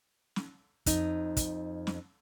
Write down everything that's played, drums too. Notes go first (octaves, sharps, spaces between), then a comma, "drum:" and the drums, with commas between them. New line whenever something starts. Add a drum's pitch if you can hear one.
drum: snare
F2 D#4, drum: kick, hi-hat
drum: kick, hi-hat
drum: snare